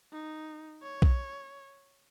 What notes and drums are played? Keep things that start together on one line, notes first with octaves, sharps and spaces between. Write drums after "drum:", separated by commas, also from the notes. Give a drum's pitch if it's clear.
D#4
C#5
drum: kick B1